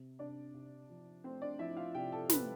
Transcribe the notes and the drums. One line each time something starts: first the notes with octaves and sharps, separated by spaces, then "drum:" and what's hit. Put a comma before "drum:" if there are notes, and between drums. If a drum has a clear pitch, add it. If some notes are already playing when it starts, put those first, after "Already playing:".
Already playing: C3
C3 D4 D5
C3
F3
A3 C4 C5
D4 D5
F3 E4 E5
F4 F5
C3 G4 G5
A4 A5
C3 B4 B5, drum: snare